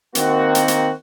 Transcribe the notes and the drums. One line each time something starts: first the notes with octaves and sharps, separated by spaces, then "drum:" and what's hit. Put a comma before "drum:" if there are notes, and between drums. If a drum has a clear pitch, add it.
D#3 A#3 C4 F#4, drum: hi-hat
drum: hi-hat
drum: hi-hat